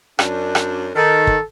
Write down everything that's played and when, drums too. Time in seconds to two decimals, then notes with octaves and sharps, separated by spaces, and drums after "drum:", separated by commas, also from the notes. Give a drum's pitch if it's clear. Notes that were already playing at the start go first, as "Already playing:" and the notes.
0.19 F#2 D4, drum: rim click
0.55 drum: rim click
0.96 D#3 A4
1.27 drum: kick